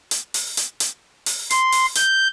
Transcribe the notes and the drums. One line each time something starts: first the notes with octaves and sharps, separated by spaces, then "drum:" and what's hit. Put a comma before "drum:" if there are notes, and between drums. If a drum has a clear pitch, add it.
drum: hi-hat
drum: open hi-hat
drum: hi-hat
drum: hi-hat
drum: open hi-hat
C6, drum: hi-hat
drum: open hi-hat
G6, drum: hi-hat